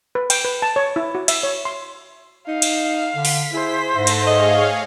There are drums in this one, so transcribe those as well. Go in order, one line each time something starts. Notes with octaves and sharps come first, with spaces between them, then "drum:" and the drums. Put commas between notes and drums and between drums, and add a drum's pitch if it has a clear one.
B4
G5, drum: cymbal
B4
A5
C#5
E4
F#4
E5, drum: cymbal
C#5
C6
D#4 F5
drum: cymbal
D3 B6
drum: open hi-hat
E4 G#4 C5
G#2 A3 E5 A#6
drum: cymbal
G#4 C#5 D#5 F5